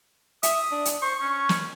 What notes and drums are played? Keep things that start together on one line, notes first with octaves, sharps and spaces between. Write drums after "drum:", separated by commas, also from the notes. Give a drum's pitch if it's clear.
E5 D#6, drum: hi-hat
D4
drum: hi-hat
C5 C#6
C#4
drum: snare